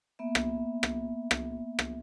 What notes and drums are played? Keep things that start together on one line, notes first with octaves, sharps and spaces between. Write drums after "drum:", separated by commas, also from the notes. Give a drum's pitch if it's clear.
A#3 B3 E5
drum: rim click
drum: rim click
drum: rim click
drum: rim click